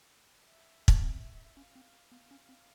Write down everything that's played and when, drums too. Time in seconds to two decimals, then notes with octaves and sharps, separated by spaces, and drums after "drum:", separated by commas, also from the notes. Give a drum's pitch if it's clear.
0.46 E5
0.88 drum: kick
1.02 C4
1.57 C#4 F5
1.75 C4
2.12 B3 F5
2.31 C#4
2.49 C4